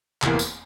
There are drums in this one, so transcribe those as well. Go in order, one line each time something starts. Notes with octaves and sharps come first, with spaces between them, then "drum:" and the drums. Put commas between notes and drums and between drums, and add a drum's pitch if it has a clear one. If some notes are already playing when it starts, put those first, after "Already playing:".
F1 E2 E3 A#3, drum: clap
drum: tambourine